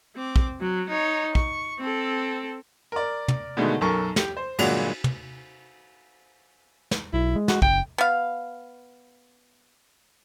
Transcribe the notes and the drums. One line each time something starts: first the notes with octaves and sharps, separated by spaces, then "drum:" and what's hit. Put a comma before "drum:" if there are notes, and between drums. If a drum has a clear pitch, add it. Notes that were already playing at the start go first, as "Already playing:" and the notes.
C4 D6
drum: kick
F#3
D#4 C#5
C#6, drum: kick
C4 A4
A#4 D5
drum: tom
B2 D3 D#3 G#3 A3
B1 F#2 A4 A#4 C#6
G4, drum: snare
C5
G1 A#2 F#3 G#3 F#5 F7, drum: cymbal
drum: tom
drum: snare
B1 E4
G#3
F#4, drum: snare
F#1 G5, drum: kick
B3 F5